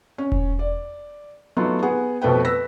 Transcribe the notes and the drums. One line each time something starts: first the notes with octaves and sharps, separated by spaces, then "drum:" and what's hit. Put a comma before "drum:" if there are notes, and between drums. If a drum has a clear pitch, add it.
C#4
drum: kick E1
D5
F#3 A3 B3 D#4 F4
B3 G#4 F#5
F2 B2 A3 B4 G5
B4 E6 A#6 B6